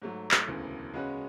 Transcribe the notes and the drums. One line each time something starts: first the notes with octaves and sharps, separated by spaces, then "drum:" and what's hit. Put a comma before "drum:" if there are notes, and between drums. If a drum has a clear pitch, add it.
G#2 F#3 A3
drum: clap
E1 D2 C#3 E3
C#3 G#3 C#4 F#4 B4